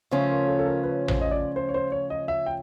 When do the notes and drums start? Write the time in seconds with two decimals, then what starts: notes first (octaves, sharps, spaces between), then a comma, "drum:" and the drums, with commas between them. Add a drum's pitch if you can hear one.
0.11 C#3 F3 A3 C#4 F4 E5
0.30 A#4
0.48 A4
0.59 A4
0.65 A#4
0.83 B4
1.08 C5, drum: tom A1
1.21 D#5
1.31 D5
1.56 C5
1.69 C#5
1.74 C5
1.92 C#5
2.10 D#5
2.28 E5
2.46 G5